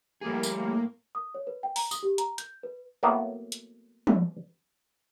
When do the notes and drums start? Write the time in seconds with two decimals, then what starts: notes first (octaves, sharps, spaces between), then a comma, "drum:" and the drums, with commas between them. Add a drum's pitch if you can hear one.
0.21 A2 G3 A#3 G#4
0.43 drum: tambourine
1.15 D#6
1.35 C#5
1.47 B4
1.63 G5
1.76 A#5, drum: open hi-hat
1.91 D#6, drum: tambourine
2.03 G4
2.18 A#5, drum: hi-hat
2.38 G6, drum: hi-hat
2.63 B4
3.03 A2 F#3 A#3 B3
3.52 drum: hi-hat
4.07 drum: tom